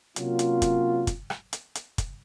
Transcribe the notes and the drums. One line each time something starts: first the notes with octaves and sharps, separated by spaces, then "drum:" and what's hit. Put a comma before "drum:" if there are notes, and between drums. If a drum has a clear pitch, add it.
C3 F#3 A#3 C#4 F4, drum: hi-hat
drum: hi-hat
drum: kick, hi-hat
drum: kick, hi-hat
drum: rim click
drum: hi-hat
drum: hi-hat
drum: kick, hi-hat